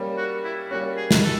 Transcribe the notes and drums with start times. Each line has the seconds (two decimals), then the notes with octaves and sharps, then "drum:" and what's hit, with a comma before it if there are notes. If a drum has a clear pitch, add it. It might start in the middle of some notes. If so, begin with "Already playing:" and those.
Already playing: G3 A#3 C#4
0.17 F#4
0.44 E4
0.71 G3 A#3 C#4 F#4
0.97 G#4
1.11 drum: snare
1.24 A4